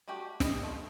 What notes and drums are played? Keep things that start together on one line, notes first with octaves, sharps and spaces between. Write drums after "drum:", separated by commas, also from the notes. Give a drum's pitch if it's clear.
G3 A3 F#4 G4
E4 D#5, drum: snare
A3 F4 A4